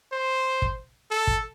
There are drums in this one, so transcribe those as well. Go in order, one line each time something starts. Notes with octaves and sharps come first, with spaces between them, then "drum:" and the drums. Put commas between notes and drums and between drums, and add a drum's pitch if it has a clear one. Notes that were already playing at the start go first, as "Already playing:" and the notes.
C5
drum: kick
A4
drum: kick